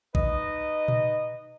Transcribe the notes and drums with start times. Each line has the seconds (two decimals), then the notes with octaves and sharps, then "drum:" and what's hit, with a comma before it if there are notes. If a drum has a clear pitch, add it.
0.15 D#4 B4 D#5, drum: kick A#1
0.88 drum: tom A#2